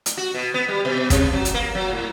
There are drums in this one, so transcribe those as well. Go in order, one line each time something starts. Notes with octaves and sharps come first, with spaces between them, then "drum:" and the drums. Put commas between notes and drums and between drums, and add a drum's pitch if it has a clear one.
drum: hi-hat
F#4
B2
B3
G3
B2
C3, drum: kick, hi-hat
F#3
drum: hi-hat
A#3
F#3
A2